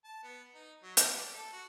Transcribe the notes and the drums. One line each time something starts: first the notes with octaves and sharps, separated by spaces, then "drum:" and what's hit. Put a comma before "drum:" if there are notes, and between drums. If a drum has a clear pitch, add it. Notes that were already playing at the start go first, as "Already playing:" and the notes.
A5
B3
D#4
F#3
G3, drum: hi-hat
D5
A4
F#4